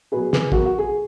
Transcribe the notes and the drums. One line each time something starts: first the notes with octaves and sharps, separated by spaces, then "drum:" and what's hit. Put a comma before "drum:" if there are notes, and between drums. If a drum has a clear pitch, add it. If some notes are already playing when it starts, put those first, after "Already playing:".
B2 F#3 G#4 B4
G#4 B4, drum: snare
B2 F#3 F#4 A#4, drum: kick
F#4
G#4